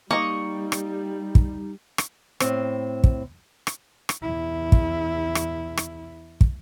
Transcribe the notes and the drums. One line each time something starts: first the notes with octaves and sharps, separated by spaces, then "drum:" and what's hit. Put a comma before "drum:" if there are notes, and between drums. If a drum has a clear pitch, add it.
G3 A#3 D#4 D#5 C#6
drum: rim click
drum: kick
drum: rim click
A2 C4, drum: rim click
drum: kick
drum: rim click
drum: rim click
E2 E4
drum: kick
drum: rim click
drum: rim click
drum: kick